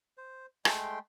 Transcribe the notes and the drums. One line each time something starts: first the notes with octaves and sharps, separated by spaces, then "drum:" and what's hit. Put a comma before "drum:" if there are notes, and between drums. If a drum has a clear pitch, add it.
C5
G#3 A3 G5 C6, drum: rim click